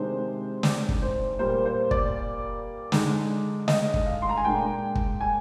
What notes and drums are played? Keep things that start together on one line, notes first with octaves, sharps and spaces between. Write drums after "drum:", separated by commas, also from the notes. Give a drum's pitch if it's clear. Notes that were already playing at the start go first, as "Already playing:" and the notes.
Already playing: C3 D#3 G#3 D4 C5
D5, drum: snare
drum: kick
C5
A#2 G3 A#3 C5
C5
D5, drum: kick
D3 G#3 D#4, drum: snare
D#5, drum: snare
drum: kick
F5
C6
A#5
G#5
A#2 G#3 D4 G5
drum: kick
G#5